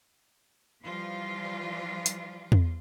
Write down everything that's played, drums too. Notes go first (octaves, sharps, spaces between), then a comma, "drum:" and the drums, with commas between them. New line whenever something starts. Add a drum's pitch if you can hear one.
E3 F3 G3 F4
drum: hi-hat
drum: tom E2